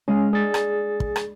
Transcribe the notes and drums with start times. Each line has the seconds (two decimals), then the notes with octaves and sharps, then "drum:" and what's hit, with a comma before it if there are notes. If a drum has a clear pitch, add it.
0.08 G#3 C#4 G#4 F6
0.33 D4 G#4 A6
0.54 drum: rim click
1.00 drum: kick
1.16 drum: rim click